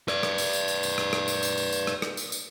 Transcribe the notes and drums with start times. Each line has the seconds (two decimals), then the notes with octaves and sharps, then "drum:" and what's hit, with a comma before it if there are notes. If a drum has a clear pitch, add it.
0.08 B4 D5, drum: rim click
0.23 drum: rim click
0.38 drum: tambourine
0.53 drum: tambourine
0.68 drum: tambourine
0.83 drum: tambourine
0.98 drum: rim click
1.13 drum: rim click
1.28 drum: tambourine
1.43 drum: tambourine
1.58 drum: tambourine
1.72 drum: tambourine
1.87 drum: rim click
2.02 drum: rim click
2.17 drum: tambourine
2.32 drum: tambourine